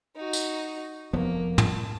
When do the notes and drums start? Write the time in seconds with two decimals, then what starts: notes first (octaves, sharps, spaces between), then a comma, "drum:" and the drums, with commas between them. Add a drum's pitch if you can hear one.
0.16 D#4 F#4
0.33 drum: tambourine
1.13 F1 F3 A#3 B3
1.58 A5, drum: tom